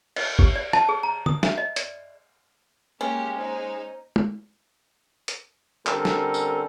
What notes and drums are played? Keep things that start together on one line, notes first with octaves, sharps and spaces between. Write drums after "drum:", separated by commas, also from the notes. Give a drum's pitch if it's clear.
D#5, drum: cymbal
G4, drum: kick
D5
A5, drum: rim click
G#4
A#5
D#6, drum: tom
E5, drum: snare
D#5
D5, drum: hi-hat
G#3 A#3 C#4 G4
D#4 C5
drum: tom
drum: hi-hat
D3 G3 C4 C#4 A4 A#4, drum: clap
drum: snare
drum: tambourine